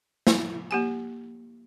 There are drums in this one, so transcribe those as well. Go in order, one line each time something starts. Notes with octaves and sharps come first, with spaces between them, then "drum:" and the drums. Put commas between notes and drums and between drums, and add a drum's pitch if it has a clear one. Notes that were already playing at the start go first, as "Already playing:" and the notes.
drum: snare
A#3 G4 G#5